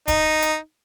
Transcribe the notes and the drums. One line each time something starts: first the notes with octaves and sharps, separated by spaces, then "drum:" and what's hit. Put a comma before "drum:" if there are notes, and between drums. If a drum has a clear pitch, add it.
D#4, drum: kick, hi-hat
drum: hi-hat